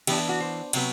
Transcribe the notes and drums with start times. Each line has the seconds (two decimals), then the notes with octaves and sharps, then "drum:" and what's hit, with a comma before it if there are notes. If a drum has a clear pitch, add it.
0.07 E3 B3 D4 G4, drum: cymbal
0.18 E4
0.29 F#4
0.40 C5
0.73 C3 F#3 B3, drum: cymbal